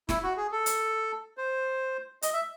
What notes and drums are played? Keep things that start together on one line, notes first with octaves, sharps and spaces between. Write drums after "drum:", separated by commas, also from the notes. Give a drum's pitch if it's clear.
E4, drum: snare
F#4
G#4
A4
drum: hi-hat
C5
D#5, drum: hi-hat
E5